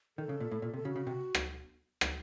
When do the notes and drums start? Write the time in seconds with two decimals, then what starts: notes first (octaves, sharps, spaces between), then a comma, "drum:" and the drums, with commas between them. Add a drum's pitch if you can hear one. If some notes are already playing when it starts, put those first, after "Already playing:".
0.17 D#3 A4
0.29 C#3
0.40 A#2
0.51 A2
0.62 A#2
0.74 C3 A4
0.85 C#3 F#4
0.96 C#3
1.07 C3
1.35 drum: rim click
2.01 drum: rim click